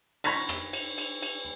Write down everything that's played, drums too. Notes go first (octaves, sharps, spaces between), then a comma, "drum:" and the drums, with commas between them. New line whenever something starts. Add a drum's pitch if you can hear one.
B5 C#6 G#6 A#6 B6, drum: cymbal
drum: rim click
drum: cymbal
drum: cymbal
drum: cymbal